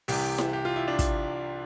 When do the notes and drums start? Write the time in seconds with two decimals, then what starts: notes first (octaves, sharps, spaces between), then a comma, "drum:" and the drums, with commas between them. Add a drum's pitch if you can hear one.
0.08 C2 C3 E3 G4, drum: open hi-hat
0.38 drum: snare E4
0.53 G4
0.65 F4
0.76 E4
0.88 D4
0.99 drum: kick, hi-hat